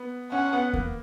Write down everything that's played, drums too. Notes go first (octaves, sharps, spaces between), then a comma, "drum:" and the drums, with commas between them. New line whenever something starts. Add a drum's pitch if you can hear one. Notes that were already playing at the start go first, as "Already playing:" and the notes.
Already playing: B3
C#4 F#5
B3
A#3, drum: kick D#2